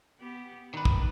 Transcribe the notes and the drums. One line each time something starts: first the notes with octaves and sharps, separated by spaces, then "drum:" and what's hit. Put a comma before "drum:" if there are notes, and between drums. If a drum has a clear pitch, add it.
B3 G4
D#3 D4 B4
drum: kick